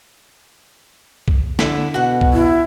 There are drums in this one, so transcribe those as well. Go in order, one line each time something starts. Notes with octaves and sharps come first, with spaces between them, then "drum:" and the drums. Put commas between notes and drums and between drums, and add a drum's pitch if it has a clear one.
drum: kick
D3 E4, drum: snare
B2 F#4 F#5
drum: kick
E4